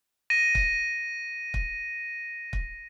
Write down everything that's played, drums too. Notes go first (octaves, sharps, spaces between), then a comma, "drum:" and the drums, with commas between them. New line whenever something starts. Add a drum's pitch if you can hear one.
A#6 D#7
drum: kick
drum: kick
drum: kick